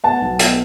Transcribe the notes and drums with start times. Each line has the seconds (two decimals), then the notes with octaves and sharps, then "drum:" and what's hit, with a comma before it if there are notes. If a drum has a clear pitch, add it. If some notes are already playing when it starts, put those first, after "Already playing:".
0.04 B3 F#5 A5
0.21 B1
0.39 B3, drum: hi-hat